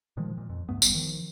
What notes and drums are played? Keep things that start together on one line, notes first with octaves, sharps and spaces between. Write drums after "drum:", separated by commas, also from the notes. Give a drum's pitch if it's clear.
A#2 D#3 F3 G#3
A#2
F2
C#2 G2 A3 B3
F#1 C#2 G3 B3, drum: tambourine
D#3 F3